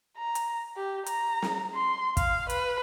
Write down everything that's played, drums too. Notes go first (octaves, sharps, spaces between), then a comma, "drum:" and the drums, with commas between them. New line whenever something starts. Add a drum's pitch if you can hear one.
A#5
drum: hi-hat
G4
A#5, drum: hi-hat
drum: snare
C6
F5, drum: kick, hi-hat
B4, drum: hi-hat